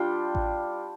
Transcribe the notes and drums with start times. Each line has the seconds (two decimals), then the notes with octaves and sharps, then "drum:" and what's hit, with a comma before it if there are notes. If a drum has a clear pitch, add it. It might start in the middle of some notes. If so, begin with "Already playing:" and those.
Already playing: G3 D4 F4 G5
0.35 drum: kick A1